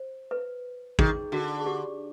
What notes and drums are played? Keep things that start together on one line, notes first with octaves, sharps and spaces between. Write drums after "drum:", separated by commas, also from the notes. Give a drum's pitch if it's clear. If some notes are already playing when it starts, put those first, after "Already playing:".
Already playing: C5
B4
D#3 G#4, drum: kick
D3 F#4
G#4
G4